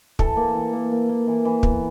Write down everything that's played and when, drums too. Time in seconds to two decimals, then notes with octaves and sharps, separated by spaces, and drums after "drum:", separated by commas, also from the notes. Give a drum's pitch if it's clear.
0.19 E3 A4, drum: kick
0.37 A#3
0.55 E3
0.73 A#3
0.91 A#3
1.09 A#3
1.27 E3
1.45 E3
1.63 B3, drum: kick